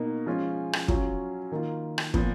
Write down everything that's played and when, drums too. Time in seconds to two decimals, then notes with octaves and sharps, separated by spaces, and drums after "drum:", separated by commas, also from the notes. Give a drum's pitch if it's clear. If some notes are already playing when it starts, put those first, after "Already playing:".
Already playing: B2 A#3 D#4
0.26 F3 G#3 C#4 F4
0.73 drum: rim click
0.88 F#3 C#4 F4, drum: kick
1.52 D#3 A#3 F4
1.98 drum: rim click
2.14 A#2 F3 B3, drum: kick